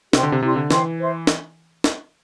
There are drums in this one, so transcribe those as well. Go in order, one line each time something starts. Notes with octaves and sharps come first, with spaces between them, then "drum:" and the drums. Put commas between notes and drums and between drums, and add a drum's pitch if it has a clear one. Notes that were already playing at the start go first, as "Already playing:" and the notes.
C3 G4 C5 G5 C6, drum: snare
D3
C3
C3 E4 G4 D5 C6
D3
E3 C5 G5 C6, drum: snare
C5 E5 C6
drum: snare
drum: snare